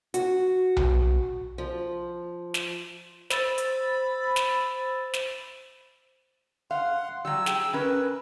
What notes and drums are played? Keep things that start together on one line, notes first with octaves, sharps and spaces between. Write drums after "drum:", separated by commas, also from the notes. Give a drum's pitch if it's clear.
F#4, drum: hi-hat
drum: tom B1
F3
drum: snare
C5 B5 E6 A6, drum: snare
drum: hi-hat
drum: snare
drum: snare
F5 F#5 C6
F#3 G3 E6
G#4 G5, drum: snare
C#4 A#4 B4